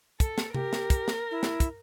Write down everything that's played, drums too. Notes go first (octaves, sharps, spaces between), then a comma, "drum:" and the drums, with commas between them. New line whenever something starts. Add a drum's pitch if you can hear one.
A4, drum: kick, hi-hat
drum: snare
G4 A#4, drum: tom C3
drum: snare
drum: kick, hi-hat
drum: snare
E4
drum: snare
drum: kick, hi-hat